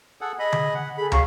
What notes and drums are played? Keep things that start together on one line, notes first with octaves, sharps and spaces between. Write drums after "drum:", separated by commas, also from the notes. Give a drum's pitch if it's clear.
G#4 A4 F#5
G#4 D#5 B5
drum: tom D3
F#5
G#4 A4 B5
C#4 F#4 F5 A#5 C#6, drum: tom